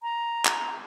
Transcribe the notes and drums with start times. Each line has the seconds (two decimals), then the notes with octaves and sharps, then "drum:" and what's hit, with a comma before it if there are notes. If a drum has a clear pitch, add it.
0.03 A#5
0.45 drum: clap